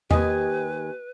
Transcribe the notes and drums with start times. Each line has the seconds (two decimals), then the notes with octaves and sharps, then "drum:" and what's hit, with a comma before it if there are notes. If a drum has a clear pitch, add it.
0.11 D#2 G4 B4 D#5 G#5, drum: tom E2